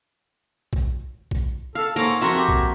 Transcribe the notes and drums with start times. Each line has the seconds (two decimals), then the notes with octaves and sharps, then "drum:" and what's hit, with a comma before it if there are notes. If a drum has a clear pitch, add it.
0.73 drum: kick B1
1.31 drum: kick B1
1.75 A4 F5
1.96 G#2 A#3 C#5 F5 A#5 D6
2.21 F2 C4 F#4 A#4 E5 C6 C#6
2.38 G4
2.49 drum: kick B1